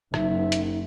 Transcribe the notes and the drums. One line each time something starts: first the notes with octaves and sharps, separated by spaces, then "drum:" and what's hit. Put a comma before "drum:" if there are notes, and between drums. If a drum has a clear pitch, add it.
F#1 D#4 E5, drum: rim click
drum: hi-hat